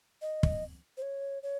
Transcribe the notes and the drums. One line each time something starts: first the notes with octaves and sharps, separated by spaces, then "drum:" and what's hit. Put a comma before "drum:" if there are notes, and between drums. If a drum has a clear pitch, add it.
D#5
drum: kick
C5
C#5
C#5